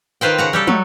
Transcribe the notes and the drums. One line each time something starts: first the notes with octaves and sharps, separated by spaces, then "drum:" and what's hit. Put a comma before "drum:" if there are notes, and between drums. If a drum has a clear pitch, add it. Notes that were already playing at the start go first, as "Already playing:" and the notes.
D#3 F4 B4 C5 G5
C#3 F#5 A#5
G3 G4 A4
F#3, drum: tom